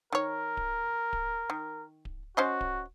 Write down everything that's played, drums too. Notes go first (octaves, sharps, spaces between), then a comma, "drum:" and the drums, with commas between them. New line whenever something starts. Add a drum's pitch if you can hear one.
D#3 A#4 C#5
drum: kick D1
drum: kick D1
D#3
drum: kick D1
C#4 F#4 C5 D#5
drum: kick D1